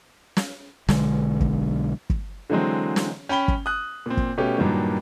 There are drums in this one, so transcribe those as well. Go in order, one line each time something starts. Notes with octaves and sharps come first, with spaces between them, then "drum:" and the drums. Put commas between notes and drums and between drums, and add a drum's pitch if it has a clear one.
drum: snare
B1 D3 G#3, drum: snare
drum: kick
drum: kick
D3 E3 F#3 G#3 C4
drum: snare
C#4 G5 B5 G7
drum: kick
D#6 F#6
A#2 C4
drum: kick
B2 A3 C#4 G4
G2 A#2 D#3 F#3 A#3